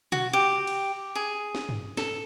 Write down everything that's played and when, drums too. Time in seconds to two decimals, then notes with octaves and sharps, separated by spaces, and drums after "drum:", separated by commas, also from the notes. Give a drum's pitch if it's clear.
0.12 F#4, drum: tom B2
0.33 G4
0.67 drum: cymbal
1.15 G#4
1.55 drum: snare
1.69 drum: tom G2
1.97 A4, drum: snare